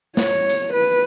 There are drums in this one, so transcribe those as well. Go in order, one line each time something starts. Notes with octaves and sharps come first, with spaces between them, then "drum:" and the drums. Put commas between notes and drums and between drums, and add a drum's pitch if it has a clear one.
C#5, drum: snare
drum: hi-hat
B4